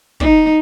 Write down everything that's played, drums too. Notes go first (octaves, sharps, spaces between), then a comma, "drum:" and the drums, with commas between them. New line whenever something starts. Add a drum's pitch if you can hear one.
D#4, drum: kick